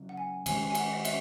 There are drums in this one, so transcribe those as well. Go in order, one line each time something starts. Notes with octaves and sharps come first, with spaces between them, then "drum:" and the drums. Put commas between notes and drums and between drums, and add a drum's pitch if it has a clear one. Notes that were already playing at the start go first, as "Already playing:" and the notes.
Already playing: C#3 F#3 C#4
F#5
G#5
D#3 G#3 C#4 G#5, drum: cymbal
G#5
F#5, drum: cymbal
D#5
E5, drum: cymbal